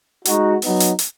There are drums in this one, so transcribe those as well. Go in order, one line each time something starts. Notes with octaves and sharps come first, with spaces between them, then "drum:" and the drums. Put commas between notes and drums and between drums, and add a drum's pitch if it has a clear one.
G#3 D#4 F#4, drum: hi-hat
F#3 B3 D#4, drum: open hi-hat
drum: hi-hat
drum: hi-hat